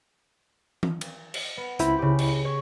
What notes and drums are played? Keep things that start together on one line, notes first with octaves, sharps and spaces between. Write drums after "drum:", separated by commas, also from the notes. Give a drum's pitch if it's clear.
drum: tom E3
drum: cymbal
drum: cymbal
B3
C#2 C4 E4 B5, drum: hi-hat
C#3 G4
drum: cymbal
C#5